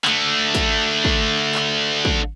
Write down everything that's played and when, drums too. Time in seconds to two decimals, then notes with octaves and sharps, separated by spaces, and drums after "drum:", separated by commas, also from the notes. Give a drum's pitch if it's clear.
0.05 D3 A3, drum: clap
0.55 drum: kick, hi-hat
1.05 drum: kick
1.55 drum: clap
2.05 drum: kick